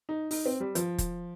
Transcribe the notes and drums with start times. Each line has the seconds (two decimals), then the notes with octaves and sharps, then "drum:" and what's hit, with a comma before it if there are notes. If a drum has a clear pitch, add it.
0.09 D#4
0.31 D#4, drum: open hi-hat
0.46 C4
0.60 G3
0.75 F3, drum: hi-hat
0.98 drum: kick, hi-hat